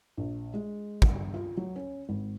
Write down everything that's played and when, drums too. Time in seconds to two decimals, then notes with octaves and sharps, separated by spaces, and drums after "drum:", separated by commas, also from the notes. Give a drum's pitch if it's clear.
0.17 A#1
0.54 G#3
1.02 G1, drum: kick
1.34 F4
1.57 F#3
1.76 C#4
2.09 G#1